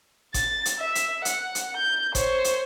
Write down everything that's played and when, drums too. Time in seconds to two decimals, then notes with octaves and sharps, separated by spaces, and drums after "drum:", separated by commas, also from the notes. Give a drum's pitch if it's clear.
0.34 A6, drum: kick G1, hi-hat
0.65 drum: hi-hat
0.79 E5
0.95 drum: hi-hat
1.25 F#5, drum: hi-hat
1.55 drum: hi-hat
1.76 G6
2.15 C5 C#5, drum: kick G1, hi-hat
2.44 drum: hi-hat